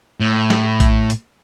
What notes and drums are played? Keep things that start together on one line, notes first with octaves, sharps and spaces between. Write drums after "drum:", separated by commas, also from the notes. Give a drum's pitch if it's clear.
A2
drum: snare
drum: kick A#1, hi-hat
drum: hi-hat